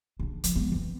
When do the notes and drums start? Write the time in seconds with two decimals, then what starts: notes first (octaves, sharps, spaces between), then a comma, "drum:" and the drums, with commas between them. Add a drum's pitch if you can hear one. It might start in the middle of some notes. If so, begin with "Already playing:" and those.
0.20 C#3 D4
0.44 D2 F3, drum: hi-hat
0.56 G#3 B3
0.72 E3 C4